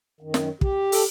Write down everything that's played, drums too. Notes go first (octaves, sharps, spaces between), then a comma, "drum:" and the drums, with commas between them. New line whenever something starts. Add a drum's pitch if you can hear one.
F#2 D#3
drum: snare
G4, drum: kick
A4, drum: open hi-hat